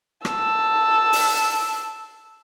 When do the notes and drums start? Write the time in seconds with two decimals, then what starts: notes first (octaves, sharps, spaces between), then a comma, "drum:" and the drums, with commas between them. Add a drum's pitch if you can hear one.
0.25 A5 E6, drum: rim click
1.13 drum: open hi-hat